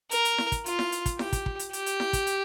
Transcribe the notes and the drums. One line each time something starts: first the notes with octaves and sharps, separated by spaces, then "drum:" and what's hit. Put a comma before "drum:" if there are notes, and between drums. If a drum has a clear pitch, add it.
A#4, drum: hi-hat
drum: hi-hat
drum: snare E4
drum: kick, hi-hat
F4, drum: hi-hat
drum: snare E4
drum: hi-hat
drum: kick, hi-hat
G4, drum: snare E4
drum: kick, hi-hat
drum: kick
drum: hi-hat
G4, drum: hi-hat
drum: hi-hat
drum: snare E4
drum: kick, hi-hat
drum: hi-hat